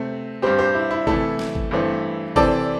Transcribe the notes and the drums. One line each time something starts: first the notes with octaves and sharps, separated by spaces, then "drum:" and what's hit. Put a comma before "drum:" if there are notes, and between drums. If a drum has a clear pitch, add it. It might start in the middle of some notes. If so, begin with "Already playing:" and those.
Already playing: C3 A3 C4
G2 G3 C4 G4 C5
G4 C5
E4
E4
C3 E3 A3 E4 A4, drum: kick G#1
drum: snare
drum: kick G#1
G2 E3 A3 C4
C3 E3 C4 A4 D5, drum: kick G#1